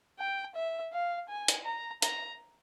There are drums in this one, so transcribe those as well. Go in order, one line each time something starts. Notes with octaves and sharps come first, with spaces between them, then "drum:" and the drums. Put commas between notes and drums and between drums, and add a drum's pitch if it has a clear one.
G5
E5
F5
G#5
drum: hi-hat
A#5
A#5, drum: hi-hat